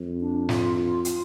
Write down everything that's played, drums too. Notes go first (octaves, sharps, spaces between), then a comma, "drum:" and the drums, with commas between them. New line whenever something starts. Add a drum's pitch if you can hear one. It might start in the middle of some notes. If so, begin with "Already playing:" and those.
Already playing: F2
D4
F4, drum: snare
F4
F4, drum: hi-hat